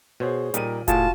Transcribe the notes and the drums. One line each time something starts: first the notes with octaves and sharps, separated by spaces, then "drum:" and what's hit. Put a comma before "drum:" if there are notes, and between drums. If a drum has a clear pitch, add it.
B2 G#4 C5 C#5
A#2 G3 D#4 A#4 D#7, drum: hi-hat
A2 F4 F#4 G#4 A5, drum: kick E1, hi-hat